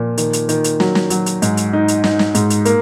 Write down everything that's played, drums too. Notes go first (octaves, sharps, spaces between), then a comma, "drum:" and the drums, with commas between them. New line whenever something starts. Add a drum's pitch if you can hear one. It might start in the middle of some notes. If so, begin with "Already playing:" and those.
Already playing: A#2 F3
D#3, drum: hi-hat
drum: hi-hat
D#3, drum: hi-hat
drum: hi-hat
F#3, drum: snare
drum: snare
F#3, drum: hi-hat
drum: hi-hat
G#2, drum: hi-hat
drum: hi-hat
D#4
drum: hi-hat
D#4, drum: snare
drum: snare
G#2, drum: hi-hat
drum: hi-hat
A#3, drum: hi-hat